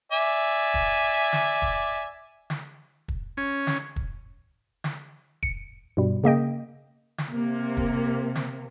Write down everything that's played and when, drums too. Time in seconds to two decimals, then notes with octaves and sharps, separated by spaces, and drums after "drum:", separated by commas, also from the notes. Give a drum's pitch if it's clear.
0.12 D5 E5 G#5
0.74 drum: kick
1.33 drum: snare
1.62 drum: kick
2.50 drum: snare
3.08 drum: kick
3.37 C#4
3.67 drum: snare
3.96 drum: kick
4.84 drum: snare
5.43 C#7, drum: kick
5.97 G2 B2 G3
6.24 C#3 A#3 D#5 G5
7.18 drum: snare
7.30 C3 A#3
7.77 drum: kick
8.35 drum: snare